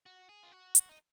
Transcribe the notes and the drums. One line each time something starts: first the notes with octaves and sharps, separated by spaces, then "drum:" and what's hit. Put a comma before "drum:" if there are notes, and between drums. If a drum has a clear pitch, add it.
F#4
G#4
F4
F#4
drum: hi-hat
D#4